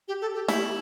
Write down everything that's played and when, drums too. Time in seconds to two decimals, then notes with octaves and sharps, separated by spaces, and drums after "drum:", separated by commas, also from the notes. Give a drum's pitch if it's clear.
0.08 G4
0.22 A4
0.35 G4
0.48 E4 G4, drum: snare